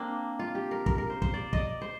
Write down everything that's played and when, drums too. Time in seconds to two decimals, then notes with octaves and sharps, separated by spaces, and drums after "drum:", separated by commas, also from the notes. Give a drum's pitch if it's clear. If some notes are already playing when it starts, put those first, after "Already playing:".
Already playing: A#3 C4 D4
0.39 F4
0.55 G4
0.71 A#4
0.86 A#4, drum: kick
0.98 A#4
1.10 C5
1.22 C5, drum: kick
1.34 D5
1.53 D5 D#5, drum: kick
1.82 C5